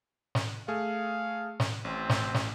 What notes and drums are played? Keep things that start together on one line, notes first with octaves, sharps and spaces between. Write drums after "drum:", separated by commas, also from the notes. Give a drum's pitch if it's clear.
drum: snare
A3 G#4 F5
drum: snare
A1 C4
drum: snare
drum: snare